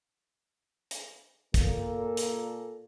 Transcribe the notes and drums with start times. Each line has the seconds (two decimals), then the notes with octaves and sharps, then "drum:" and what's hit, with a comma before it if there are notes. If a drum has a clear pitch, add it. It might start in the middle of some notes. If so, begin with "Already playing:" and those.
0.91 drum: hi-hat
1.54 A#2 A#3 A4, drum: kick, hi-hat
2.17 drum: hi-hat